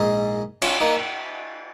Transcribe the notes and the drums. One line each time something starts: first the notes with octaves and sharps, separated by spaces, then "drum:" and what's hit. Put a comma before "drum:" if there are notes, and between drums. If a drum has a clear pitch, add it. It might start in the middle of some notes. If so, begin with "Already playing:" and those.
Already playing: A#1 G#2 G#3 D#4 G#4
C#4 F4, drum: cymbal
A#3 D#4